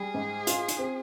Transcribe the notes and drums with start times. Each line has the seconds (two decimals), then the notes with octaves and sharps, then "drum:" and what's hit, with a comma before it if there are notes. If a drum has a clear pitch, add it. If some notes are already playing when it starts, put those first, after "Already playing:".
Already playing: G3 G#4
0.14 G#2
0.47 F4, drum: hi-hat
0.69 drum: hi-hat
0.79 C4